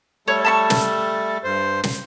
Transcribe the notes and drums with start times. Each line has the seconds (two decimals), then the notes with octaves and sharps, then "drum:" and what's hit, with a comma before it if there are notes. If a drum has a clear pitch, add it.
0.28 G3 A3 A4 C#5
0.45 A5 B5 C#6
0.70 drum: snare
1.44 G2 C5
1.84 drum: snare